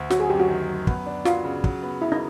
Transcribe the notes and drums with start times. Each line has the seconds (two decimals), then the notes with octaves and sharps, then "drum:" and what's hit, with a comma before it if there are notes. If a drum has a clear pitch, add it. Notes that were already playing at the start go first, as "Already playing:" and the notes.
Already playing: D2
0.10 F#3 F#4, drum: snare
0.20 G#4
0.30 F#2 G4
0.40 F#4
0.49 D#3
0.68 F#2
0.87 B3, drum: kick
1.06 D4
1.25 F#3 F4, drum: snare
1.44 C#3
1.64 F#3, drum: kick
1.83 B3
2.02 C#3 E4
2.12 D#4